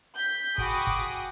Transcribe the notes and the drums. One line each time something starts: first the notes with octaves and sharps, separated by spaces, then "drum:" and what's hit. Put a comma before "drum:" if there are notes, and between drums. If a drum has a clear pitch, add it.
G6 B6
F#4 G#4 G5 B5 D6 D#6, drum: kick
drum: kick